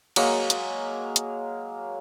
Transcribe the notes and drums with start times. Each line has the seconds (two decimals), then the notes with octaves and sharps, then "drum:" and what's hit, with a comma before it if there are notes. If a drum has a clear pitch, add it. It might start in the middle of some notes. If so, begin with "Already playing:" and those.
0.16 F#3 G#3 A#3 A#5, drum: cymbal
0.50 drum: hi-hat
1.16 drum: hi-hat